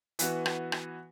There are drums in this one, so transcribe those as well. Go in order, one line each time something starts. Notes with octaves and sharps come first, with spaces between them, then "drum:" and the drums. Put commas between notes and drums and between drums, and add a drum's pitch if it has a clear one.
E3 B3 F#4, drum: hi-hat
drum: rim click
drum: rim click